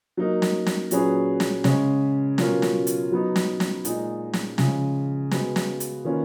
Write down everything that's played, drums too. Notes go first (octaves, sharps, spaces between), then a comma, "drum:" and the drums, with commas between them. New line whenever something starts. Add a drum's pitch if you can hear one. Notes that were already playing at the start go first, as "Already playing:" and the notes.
F#3 A#3 D#4 A#4
drum: snare
drum: snare
A#2 F#3 C#4 G#4 B4, drum: hi-hat
drum: snare
C#3 G#3 C#4, drum: snare
B2 F#3 C#4 F4 A#4, drum: snare
drum: snare
drum: hi-hat
F#3 B3 D#4
drum: snare
drum: snare
A#2 G#3 D#4, drum: hi-hat
drum: snare
C#3 F3 G#3, drum: snare
G#3 B3 F#4 B4, drum: snare
drum: snare
drum: hi-hat
D#3 A#3 C#4 F4 B4